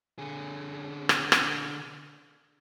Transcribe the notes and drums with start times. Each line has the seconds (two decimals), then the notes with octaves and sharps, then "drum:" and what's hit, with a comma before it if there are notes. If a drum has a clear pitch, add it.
0.18 D3 G#4
1.09 drum: rim click
1.32 drum: rim click